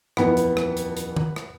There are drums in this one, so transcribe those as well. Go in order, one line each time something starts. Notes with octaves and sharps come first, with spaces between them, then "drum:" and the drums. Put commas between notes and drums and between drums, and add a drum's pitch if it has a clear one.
D#1 F2 E3 B3, drum: rim click
drum: hi-hat
drum: rim click
drum: hi-hat
drum: hi-hat
drum: tom
drum: rim click